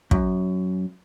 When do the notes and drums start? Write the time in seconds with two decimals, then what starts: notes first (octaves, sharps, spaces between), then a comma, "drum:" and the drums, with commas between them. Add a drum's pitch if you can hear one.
0.11 F#2, drum: kick